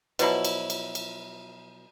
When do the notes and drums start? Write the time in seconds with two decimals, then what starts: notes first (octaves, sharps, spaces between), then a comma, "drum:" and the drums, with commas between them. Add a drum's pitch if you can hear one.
0.19 B2 F3 F#3 E4, drum: cymbal
0.45 drum: cymbal
0.70 drum: cymbal
0.95 drum: cymbal